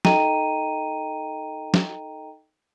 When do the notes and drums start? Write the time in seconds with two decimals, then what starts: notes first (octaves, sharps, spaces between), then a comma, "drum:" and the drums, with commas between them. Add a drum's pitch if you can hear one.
0.05 D#4 A4 D#5 G5 A#5 D#7, drum: snare
1.74 drum: snare